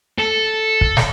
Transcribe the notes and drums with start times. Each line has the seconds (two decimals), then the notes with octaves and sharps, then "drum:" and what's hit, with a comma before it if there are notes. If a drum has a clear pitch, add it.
0.18 A4
0.81 drum: kick
0.97 drum: snare